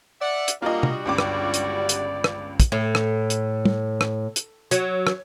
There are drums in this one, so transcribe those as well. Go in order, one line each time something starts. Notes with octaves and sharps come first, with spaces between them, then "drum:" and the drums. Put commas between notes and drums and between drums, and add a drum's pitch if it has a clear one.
D5 E5 F#5
drum: hi-hat
G3 A#3 D4 F4 F#4 D#5
drum: tom
G1 C#2 D5 D6
drum: rim click
drum: hi-hat
drum: hi-hat
drum: rim click
drum: kick, hi-hat
A2
drum: rim click
drum: hi-hat
drum: tom
drum: rim click
drum: hi-hat
F#3, drum: hi-hat
drum: rim click